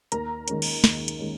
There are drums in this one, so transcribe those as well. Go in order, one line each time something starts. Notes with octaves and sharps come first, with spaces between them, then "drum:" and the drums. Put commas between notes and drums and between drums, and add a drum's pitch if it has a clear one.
D#2 A#4 A#5, drum: hi-hat
D#3 G#3 C#4, drum: hi-hat
drum: cymbal
D#2, drum: snare
drum: hi-hat
D#3 G#3 C#4